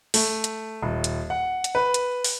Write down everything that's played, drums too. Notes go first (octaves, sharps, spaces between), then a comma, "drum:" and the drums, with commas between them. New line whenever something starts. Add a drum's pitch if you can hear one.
A3, drum: open hi-hat
drum: hi-hat
D#1
drum: hi-hat
F#5
drum: hi-hat
B4
drum: hi-hat
drum: open hi-hat